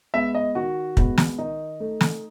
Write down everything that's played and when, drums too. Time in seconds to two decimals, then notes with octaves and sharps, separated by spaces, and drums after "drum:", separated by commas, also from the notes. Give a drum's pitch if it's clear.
0.14 G#3 B3 E5
0.35 D#5
0.55 D#3 F#4
0.97 G#3 B3, drum: kick
1.18 drum: snare
1.38 D#3 D#4
1.80 A3
2.01 drum: snare